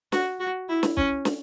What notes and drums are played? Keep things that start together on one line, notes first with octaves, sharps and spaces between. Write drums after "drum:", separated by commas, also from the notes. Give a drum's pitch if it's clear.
F#4, drum: snare
F#4
E4
drum: snare
C#4, drum: kick
drum: snare